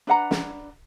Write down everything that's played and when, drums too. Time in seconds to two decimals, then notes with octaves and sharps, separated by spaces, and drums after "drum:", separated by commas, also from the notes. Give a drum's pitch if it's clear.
0.07 D4 B4 F#5 A#5
0.31 drum: snare